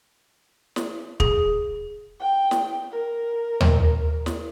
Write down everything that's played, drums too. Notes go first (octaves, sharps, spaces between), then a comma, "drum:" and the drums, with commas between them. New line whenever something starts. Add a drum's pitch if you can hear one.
drum: snare
G#4, drum: kick
G5
drum: snare
A#4
drum: tom D#2
drum: snare